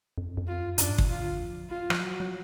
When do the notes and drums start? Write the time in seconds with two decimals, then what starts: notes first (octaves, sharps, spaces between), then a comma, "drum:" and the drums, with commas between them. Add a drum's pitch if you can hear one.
0.18 F2
0.37 F2
0.47 F4
0.57 F#2
0.78 F#2 D4, drum: hi-hat
0.89 G#2
0.98 A2, drum: kick
1.08 F4
1.19 D3
1.39 F3
1.70 F4
1.90 F3, drum: rim click
2.00 F#3 F#4
2.20 F#3